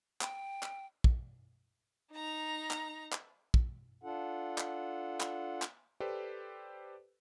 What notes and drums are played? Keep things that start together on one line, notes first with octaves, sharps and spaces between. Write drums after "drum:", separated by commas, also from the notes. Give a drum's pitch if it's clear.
G5, drum: clap
drum: clap
drum: kick
D#4 A#5
drum: clap
drum: clap
drum: kick
D4 F4 A4 F#5
drum: clap
drum: clap
drum: clap
G4 A4 B4 C5 D5